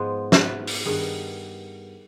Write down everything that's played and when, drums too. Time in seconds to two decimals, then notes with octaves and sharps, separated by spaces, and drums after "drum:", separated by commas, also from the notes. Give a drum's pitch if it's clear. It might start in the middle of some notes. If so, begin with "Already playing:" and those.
Already playing: G#2 F3 G#3 B3 C5
0.32 B4, drum: snare
0.67 drum: open hi-hat
0.85 G2 D#3 B3 G#4